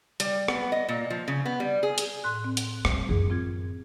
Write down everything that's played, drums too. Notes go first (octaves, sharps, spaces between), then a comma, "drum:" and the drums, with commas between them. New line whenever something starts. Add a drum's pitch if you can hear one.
G3, drum: hi-hat
B3, drum: rim click
D#5
A#2
F3
C#3
B3
G3
G#4
drum: hi-hat
A2 C6 F#6
C4
drum: hi-hat
G3, drum: rim click
F#2 D#3 G#4
C4 F4 G#6